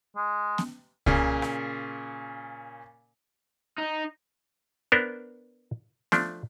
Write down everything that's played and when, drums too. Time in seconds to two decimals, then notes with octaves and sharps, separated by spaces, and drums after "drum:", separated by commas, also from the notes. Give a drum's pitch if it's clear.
0.16 G#3
0.58 drum: snare B3
1.06 A#2 C#3, drum: kick C2
1.42 drum: rim click
3.78 D#4
4.92 B3 D4 A#4 C5
6.12 F3 A3 D4, drum: snare B3